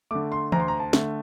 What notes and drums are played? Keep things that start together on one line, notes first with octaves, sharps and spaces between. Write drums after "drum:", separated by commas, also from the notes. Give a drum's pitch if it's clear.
D3 A3 D6
C6
D2 A#5, drum: tom E3
C6
A#5
A5
D3 A3, drum: snare